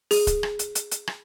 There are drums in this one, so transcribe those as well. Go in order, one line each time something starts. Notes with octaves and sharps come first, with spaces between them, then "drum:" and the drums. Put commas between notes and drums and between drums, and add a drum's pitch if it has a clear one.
G#4, drum: open hi-hat
drum: kick D1, hi-hat
drum: rim click
drum: hi-hat
drum: hi-hat
drum: hi-hat
drum: rim click